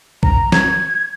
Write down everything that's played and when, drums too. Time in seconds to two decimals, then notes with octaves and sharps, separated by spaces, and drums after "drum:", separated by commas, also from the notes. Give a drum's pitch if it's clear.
0.23 A#5, drum: kick B1
0.52 G#6, drum: snare